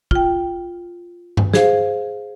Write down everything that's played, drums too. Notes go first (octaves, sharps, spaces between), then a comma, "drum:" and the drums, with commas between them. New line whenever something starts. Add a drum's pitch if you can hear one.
F4 G5, drum: kick
drum: tom G2
G#4 C5 F5, drum: snare